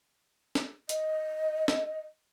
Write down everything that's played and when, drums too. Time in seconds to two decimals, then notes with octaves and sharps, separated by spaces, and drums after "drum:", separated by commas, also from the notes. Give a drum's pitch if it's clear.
0.55 drum: snare
0.89 D#5, drum: hi-hat
1.68 drum: snare